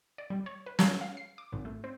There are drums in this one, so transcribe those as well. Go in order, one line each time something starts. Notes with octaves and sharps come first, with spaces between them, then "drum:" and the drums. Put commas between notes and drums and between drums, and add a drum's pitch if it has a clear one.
D5
G3
C#5
B4
C#6, drum: snare
F5
C7
D6
G#1
A3
C4